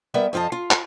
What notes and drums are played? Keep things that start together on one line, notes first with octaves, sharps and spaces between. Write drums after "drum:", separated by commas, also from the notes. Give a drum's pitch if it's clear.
G3 B3 A#4 B4 E5
F2 F3 F4 D#5 A5
F4
drum: clap